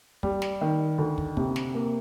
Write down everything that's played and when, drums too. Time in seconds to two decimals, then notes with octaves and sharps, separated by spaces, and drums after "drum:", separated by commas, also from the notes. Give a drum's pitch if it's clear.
0.23 G3, drum: kick
0.42 drum: snare
0.61 D#3
0.98 D2
1.18 drum: kick
1.37 C3, drum: kick
1.56 drum: snare
1.74 A#3